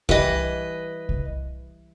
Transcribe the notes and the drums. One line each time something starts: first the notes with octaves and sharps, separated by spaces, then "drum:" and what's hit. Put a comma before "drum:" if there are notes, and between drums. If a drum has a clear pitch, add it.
E3 G3 B4 D#5, drum: kick C2
drum: kick C2